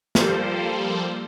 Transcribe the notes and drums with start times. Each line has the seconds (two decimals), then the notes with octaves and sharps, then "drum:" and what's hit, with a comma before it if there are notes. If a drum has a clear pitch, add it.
0.15 F3 G3 A#3 A4 C5, drum: snare